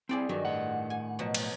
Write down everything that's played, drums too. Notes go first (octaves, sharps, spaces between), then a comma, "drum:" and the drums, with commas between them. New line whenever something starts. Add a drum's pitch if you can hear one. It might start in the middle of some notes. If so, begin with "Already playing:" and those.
C4 E4 G#4 D5 G5
G2 D#3 F#3
A2 F#5
G#5
B2 F3 F#3
drum: cymbal